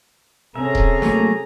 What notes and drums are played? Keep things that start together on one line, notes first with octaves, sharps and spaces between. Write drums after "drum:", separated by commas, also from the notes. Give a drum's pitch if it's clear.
C3 C#4 G#4 A4 E5 A#5
drum: kick D#1
F#3 A3 A#3, drum: snare